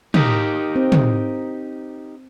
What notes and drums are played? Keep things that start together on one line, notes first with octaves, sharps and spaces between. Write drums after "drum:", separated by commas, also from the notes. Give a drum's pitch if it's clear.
D#4 G4 A#4, drum: tom
C4
drum: tom